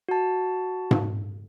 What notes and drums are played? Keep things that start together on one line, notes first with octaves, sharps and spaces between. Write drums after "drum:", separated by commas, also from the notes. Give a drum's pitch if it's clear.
F#4 A5
drum: tom G#2